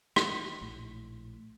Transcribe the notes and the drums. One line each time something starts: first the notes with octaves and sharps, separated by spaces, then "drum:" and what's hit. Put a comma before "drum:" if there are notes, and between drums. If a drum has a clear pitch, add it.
E3, drum: rim click
A#1 A2